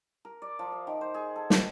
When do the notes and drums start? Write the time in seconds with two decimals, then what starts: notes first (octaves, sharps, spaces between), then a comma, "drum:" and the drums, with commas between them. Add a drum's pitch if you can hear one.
0.25 A#4
0.42 D5
0.59 F3
0.72 E5
0.87 D#3
1.01 C5
1.14 G#4
1.36 A4
1.50 A4, drum: snare